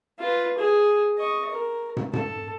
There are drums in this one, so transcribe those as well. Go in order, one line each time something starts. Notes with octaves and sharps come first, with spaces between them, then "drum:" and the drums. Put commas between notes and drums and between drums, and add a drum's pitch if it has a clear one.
F4 B4
G#4
D#5 C#6
A#4
drum: tom
A4, drum: tom